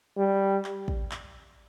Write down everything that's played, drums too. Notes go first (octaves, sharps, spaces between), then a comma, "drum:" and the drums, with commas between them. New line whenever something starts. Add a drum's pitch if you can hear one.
G3
drum: clap
drum: kick
drum: clap